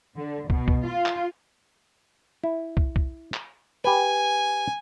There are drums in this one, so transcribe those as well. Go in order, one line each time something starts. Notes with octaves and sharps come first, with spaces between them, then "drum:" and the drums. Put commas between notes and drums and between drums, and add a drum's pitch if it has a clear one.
D3
B2, drum: kick
drum: kick
F4
drum: clap
E4
drum: kick
drum: kick
drum: clap
G4 B4 G#5